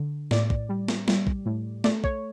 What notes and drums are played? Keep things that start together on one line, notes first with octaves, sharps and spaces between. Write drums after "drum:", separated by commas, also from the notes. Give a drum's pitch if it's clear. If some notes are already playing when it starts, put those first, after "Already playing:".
Already playing: D3
A2 D5, drum: snare
drum: kick
G3
drum: snare
G3, drum: snare
drum: kick
A2
A3 D5, drum: snare
C#5, drum: kick